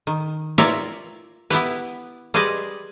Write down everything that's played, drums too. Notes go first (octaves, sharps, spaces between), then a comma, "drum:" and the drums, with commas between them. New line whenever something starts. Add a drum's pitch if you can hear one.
D#3
F4 A#4 C#5 D5 E5, drum: snare
B3 E4 G4 B4, drum: hi-hat
G3 G#4 B4 C5 D5 D#5